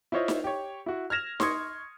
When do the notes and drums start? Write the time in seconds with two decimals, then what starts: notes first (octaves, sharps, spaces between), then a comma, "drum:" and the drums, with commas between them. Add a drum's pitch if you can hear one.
0.12 E4 F4 C5 C#5 D#5
0.28 drum: snare D#4
0.44 G4 C#5
0.86 E4 F#4
1.10 F6 G#6 A#6 E7 F7
1.40 C6 C#6 D#6 G#6 C#7, drum: snare D#4